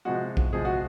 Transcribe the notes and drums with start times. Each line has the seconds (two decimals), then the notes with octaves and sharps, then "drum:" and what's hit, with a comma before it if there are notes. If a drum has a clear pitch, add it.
0.05 C3 F3 G#3 F#4
0.37 drum: kick
0.53 C3 F3 G#3 G#4
0.65 F#4